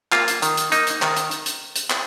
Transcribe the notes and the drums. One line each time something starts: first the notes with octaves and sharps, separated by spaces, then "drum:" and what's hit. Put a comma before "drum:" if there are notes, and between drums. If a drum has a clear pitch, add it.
A#3 F4, drum: clap
drum: hi-hat
D#3, drum: hi-hat
drum: hi-hat
A#3 D#4, drum: hi-hat
drum: hi-hat
D#3, drum: clap
drum: hi-hat
drum: hi-hat
drum: hi-hat
drum: hi-hat
drum: clap